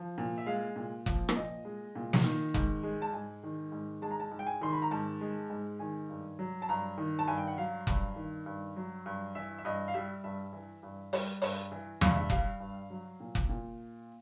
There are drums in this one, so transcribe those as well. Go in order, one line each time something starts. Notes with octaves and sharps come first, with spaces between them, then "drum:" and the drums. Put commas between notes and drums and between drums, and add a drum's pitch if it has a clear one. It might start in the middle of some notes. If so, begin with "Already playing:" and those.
Already playing: F3
A#2
E5
G#3 F5
A#2
F3, drum: kick F1
E5, drum: rim click
A#2 D#5
G#3
A#2
drum: snare
D#3
G#2, drum: kick F1
G#3
A5
G#2 G#5
D#3
G#2
G#3 A5
A#5
A5
G#2
G5
G#5
D#3 C6
B5
A#5
G#2 A5
G#3
G#2
D#3 G#5
G2
F#3
A5
G2 A#5
D#3
A5
G2 G#5
G5
F#5
F#3 F5
G2, drum: kick F1
D#3
G2
F#3
G2
E3 E5
E5
G2 D#5
F5
G3 E5
G2 E5
E3
G2
G3, drum: open hi-hat
G2, drum: open hi-hat
E3
G2 F5, drum: tom E2
E5
G3 F5, drum: kick F1
G2
F#3
A#2
drum: kick F1
A#2